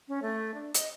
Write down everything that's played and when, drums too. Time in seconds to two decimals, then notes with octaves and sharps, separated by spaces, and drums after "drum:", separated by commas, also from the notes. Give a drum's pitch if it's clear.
0.08 C#4
0.22 A3
0.54 D4
0.74 D#5, drum: hi-hat